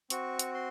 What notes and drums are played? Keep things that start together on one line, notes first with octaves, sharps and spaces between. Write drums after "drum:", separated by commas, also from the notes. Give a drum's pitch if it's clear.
C4 F#4 C#6, drum: hi-hat
drum: hi-hat
C6